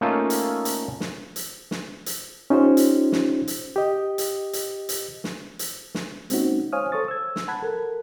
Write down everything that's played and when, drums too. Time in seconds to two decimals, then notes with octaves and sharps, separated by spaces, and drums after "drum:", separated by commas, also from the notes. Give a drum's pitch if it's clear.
0.01 A3 A#3 C#4 D#4 F4 A4
0.30 drum: hi-hat
0.65 drum: hi-hat
1.00 drum: snare
1.36 drum: hi-hat
1.71 drum: snare
2.06 drum: hi-hat
2.50 C#4 D#4 F4 G4 C5
2.77 drum: hi-hat
3.12 drum: snare
3.47 drum: hi-hat
3.76 G4 D#5
4.18 drum: hi-hat
4.53 drum: hi-hat
4.89 drum: hi-hat
5.24 drum: snare
5.59 drum: hi-hat
5.95 drum: snare
6.30 G#3 A#3 C4 C#4 D#4 F#4, drum: hi-hat
6.73 C5 C#5 F5 G#5 D#6 F6
6.92 A4 C5 C#5 C#6 D#6 A6
7.08 E6 G#6
7.36 drum: snare
7.48 F#5 A5 B5 F#6 G#6
7.62 A4 A#4